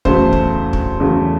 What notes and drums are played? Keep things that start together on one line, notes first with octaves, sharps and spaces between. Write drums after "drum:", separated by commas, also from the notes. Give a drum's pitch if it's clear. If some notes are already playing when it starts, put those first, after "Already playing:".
E2 C#3 F#3 A3 C5, drum: kick
drum: kick
drum: kick
E2 C#3 F#3 A3